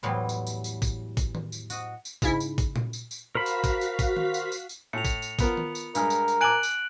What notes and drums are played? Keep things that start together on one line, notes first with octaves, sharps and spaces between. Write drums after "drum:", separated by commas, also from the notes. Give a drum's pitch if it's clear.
E2 A2 E3 F#3 G3 C6
drum: tambourine
drum: tambourine
drum: tambourine
drum: kick, tambourine
drum: kick, tambourine
drum: tom D#3
drum: tambourine
F#4 D#5, drum: tambourine
drum: tambourine
G#2 C#3 E4, drum: kick, tambourine
drum: tambourine
drum: kick, tambourine
drum: tom A#2
drum: tambourine
drum: tambourine
F#4 A#4 C5 F5 B5 B6
drum: tambourine
drum: kick, tambourine
drum: tambourine
drum: kick, tambourine
drum: tom D#3
drum: tambourine
drum: tambourine
drum: tambourine
A2 C#7 F7
drum: kick, tambourine
drum: tambourine
F3 B3 A#4, drum: kick, tambourine
drum: tom D#3
drum: tambourine
G2 G#3 A#4 F6, drum: tambourine
drum: tambourine
drum: tambourine
G#5 A5 D6 F#6 D7 F#7
drum: tambourine